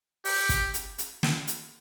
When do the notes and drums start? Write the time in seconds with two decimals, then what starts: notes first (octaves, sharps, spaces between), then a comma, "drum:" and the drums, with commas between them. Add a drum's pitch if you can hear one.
0.25 G4, drum: open hi-hat
0.49 drum: kick, hi-hat
0.74 drum: hi-hat
0.98 drum: hi-hat
1.23 drum: snare
1.47 drum: hi-hat